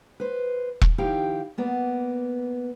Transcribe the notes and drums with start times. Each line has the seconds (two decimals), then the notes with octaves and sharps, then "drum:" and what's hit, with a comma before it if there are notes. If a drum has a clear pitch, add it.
0.20 B4 C5
0.81 drum: kick E1
0.98 D#3 F3 E4 G4 F5 G5
1.58 A#3 B3 D5